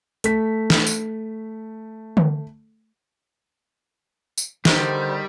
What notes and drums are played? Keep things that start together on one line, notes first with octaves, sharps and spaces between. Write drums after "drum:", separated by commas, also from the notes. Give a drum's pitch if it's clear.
A3 B6, drum: hi-hat
drum: snare
drum: tambourine
drum: tom D3
drum: tambourine
D3 D#3 G3 C5, drum: snare